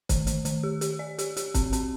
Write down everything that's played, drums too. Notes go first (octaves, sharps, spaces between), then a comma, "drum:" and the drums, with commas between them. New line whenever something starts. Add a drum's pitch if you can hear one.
D#3, drum: kick, hi-hat
D#3, drum: hi-hat
D#3, drum: hi-hat
G4
G4, drum: hi-hat
D5
G4, drum: hi-hat
G4, drum: hi-hat
C4, drum: kick, hi-hat
C4, drum: hi-hat